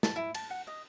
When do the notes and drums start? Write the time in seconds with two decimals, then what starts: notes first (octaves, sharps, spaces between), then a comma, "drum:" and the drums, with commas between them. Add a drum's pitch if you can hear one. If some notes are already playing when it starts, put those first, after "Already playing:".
0.03 A5, drum: snare
0.16 E4
0.34 A5, drum: cymbal
0.50 F#5
0.67 D#5